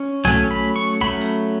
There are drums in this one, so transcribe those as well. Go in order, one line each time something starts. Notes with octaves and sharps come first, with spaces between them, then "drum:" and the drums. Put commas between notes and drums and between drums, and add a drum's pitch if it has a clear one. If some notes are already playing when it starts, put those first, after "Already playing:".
Already playing: C#4
F#3 A3 C#4 G#5, drum: tom
B5
C#6
F#3 A3 C#4 B5, drum: kick
drum: hi-hat